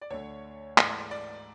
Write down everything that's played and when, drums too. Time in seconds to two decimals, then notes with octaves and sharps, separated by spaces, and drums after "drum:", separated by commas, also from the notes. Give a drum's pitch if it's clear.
0.01 D5
0.10 D2 D3 A3 C#5
0.78 G#2 E3 A3 D5, drum: clap
1.11 D5